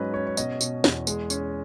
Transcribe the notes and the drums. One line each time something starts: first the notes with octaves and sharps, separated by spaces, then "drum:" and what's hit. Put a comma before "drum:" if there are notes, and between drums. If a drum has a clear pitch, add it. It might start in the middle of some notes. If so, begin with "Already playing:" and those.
Already playing: G#2 F#3 C#4 B4 D#5
C#4 C#5
C#5
B2 D#5, drum: tambourine
B2, drum: tambourine
E2, drum: snare
G#3, drum: tambourine
C#4, drum: tambourine